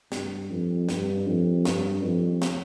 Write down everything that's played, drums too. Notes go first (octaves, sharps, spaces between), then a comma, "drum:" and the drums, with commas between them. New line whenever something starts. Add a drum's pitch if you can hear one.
G2, drum: snare
F2
G2, drum: snare
F2
G2, drum: snare
F2
drum: snare